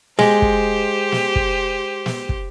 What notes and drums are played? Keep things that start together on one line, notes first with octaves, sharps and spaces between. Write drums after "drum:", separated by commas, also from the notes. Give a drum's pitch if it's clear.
G#3 G4 C5, drum: snare
drum: kick
drum: snare
drum: kick
drum: snare
drum: kick